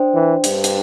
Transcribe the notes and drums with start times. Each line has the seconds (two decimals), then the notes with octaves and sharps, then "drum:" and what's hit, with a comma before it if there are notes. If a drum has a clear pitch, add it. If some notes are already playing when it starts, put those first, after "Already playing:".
Already playing: D4 C5 G5
0.14 E3
0.44 G2, drum: hi-hat
0.64 drum: hi-hat